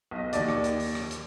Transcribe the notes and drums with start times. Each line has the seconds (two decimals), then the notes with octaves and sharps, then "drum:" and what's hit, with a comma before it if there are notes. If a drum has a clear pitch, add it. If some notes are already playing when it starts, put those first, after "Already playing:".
0.11 B1 D#5
0.33 D#2 D5, drum: hi-hat
0.48 drum: rim click
0.64 drum: hi-hat
0.80 drum: open hi-hat
0.95 drum: rim click
1.11 drum: hi-hat